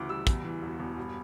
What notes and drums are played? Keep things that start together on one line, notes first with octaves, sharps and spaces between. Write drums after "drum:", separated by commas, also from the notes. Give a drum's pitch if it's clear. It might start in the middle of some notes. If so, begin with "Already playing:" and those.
Already playing: D2 C#3 E3 D6
G3 E6
E2, drum: kick, hi-hat
E3
E1
E1
G2